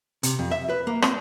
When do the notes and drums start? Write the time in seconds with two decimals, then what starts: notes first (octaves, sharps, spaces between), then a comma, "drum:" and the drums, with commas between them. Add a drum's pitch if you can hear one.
0.23 C3, drum: hi-hat
0.39 F2
0.51 E5
0.69 B4
0.87 A#3
1.02 C4, drum: rim click